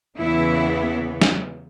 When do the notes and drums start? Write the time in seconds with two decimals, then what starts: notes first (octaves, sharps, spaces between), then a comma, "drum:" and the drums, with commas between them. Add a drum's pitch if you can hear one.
0.18 E2 C#3 E3 B3 E4
1.22 drum: snare